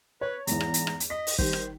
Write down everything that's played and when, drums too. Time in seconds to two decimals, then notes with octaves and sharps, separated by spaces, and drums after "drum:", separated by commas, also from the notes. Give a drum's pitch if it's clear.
0.21 B4 C#5
0.47 E2 G#2 E3 A#5, drum: hi-hat
0.61 drum: rim click
0.74 drum: hi-hat
0.87 drum: rim click
1.00 drum: hi-hat
1.10 D#5 B6
1.27 drum: open hi-hat
1.39 D#3 G3 D#4 C5, drum: kick
1.53 drum: rim click